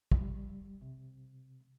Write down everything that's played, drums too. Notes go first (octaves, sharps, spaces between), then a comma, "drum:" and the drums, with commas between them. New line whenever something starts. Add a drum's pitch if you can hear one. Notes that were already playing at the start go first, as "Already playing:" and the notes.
G3, drum: kick
C3